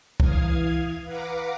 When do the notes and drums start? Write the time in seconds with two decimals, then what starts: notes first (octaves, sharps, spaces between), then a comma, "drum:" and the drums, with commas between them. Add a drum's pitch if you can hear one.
0.20 E3 F5 D#6 F6 G#6, drum: kick
1.05 B4 F5 F#5 A#5 B5 D6